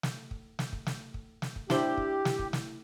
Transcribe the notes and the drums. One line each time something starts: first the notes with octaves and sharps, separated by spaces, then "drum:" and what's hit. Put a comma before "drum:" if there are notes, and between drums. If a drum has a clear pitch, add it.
drum: snare
drum: kick
drum: snare
drum: kick
drum: snare
drum: kick
drum: snare
drum: kick
D4 E4 G4 C5, drum: snare
drum: kick
drum: snare
drum: kick
drum: snare